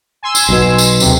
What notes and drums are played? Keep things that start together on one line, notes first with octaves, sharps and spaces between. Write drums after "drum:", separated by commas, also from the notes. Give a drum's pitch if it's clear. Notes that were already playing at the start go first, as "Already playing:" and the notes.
G#5 C6 E6
drum: tambourine
B1 B2
drum: tambourine
D2 C3, drum: tambourine